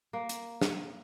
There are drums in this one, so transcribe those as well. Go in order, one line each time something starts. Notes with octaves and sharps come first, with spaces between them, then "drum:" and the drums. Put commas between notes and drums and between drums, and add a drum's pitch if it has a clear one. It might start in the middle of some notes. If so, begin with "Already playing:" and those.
A#3
drum: hi-hat
drum: snare